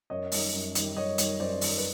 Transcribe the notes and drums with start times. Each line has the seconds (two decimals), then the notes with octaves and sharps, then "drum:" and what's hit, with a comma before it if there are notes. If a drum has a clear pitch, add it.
0.10 F#2 C#5 D#5
0.32 D#3 G3, drum: open hi-hat
0.54 F#2
0.75 D#3 G3, drum: hi-hat
0.97 F#2 C#5 D#5
1.18 D#3 G3, drum: hi-hat
1.40 F#2 C5 D5
1.61 D#3 G3, drum: open hi-hat
1.78 B4